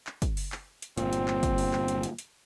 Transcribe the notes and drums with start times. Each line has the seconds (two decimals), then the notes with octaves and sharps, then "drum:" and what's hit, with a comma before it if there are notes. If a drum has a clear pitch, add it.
0.07 drum: clap
0.22 drum: kick, hi-hat
0.37 drum: open hi-hat
0.52 drum: clap
0.82 drum: hi-hat
0.98 G1 A#2 C4, drum: hi-hat
1.13 drum: hi-hat
1.28 drum: clap
1.43 drum: kick, hi-hat
1.58 drum: open hi-hat
1.73 drum: clap
1.88 drum: hi-hat
2.03 drum: hi-hat
2.19 drum: hi-hat